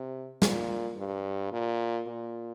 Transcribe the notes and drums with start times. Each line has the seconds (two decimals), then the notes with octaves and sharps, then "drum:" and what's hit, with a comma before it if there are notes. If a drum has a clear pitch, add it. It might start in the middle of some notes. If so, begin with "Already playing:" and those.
Already playing: C3
0.42 A#2, drum: snare
0.97 G2
1.52 A#2
2.07 A#2